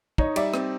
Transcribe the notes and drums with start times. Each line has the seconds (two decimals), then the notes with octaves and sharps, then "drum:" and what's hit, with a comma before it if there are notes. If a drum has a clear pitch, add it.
0.18 D#4 C#5 D#5, drum: kick
0.36 G3 D5 E5, drum: cymbal
0.54 C4, drum: rim click